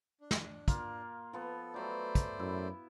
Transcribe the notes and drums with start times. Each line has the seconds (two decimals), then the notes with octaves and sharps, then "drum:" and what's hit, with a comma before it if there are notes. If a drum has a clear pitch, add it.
0.21 D4
0.31 drum: snare
0.68 A#3 F4, drum: kick, hi-hat
1.33 F3 B3 A4
1.74 F#3 A3 B4 C5 D5
2.15 drum: kick, hi-hat
2.39 F#2 E4